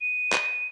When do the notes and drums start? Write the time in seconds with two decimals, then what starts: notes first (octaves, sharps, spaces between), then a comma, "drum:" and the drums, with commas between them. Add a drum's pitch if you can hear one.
0.01 D#7
0.32 drum: clap